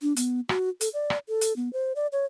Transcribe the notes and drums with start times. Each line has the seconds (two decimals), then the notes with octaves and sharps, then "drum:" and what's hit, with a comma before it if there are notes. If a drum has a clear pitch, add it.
0.02 D4
0.16 B3, drum: hi-hat
0.49 F#4, drum: rim click
0.81 A4, drum: hi-hat
0.94 D5
1.10 drum: rim click
1.29 A4
1.41 drum: hi-hat
1.56 B3
1.73 C5
1.96 D5
2.12 C#5